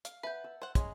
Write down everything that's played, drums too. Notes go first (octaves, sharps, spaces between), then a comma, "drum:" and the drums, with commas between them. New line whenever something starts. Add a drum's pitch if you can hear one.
F5, drum: hi-hat
B4 E5 F#5 A5 G6
E6
C5 F#5
G#3 C#4 G#4 A#5, drum: kick, hi-hat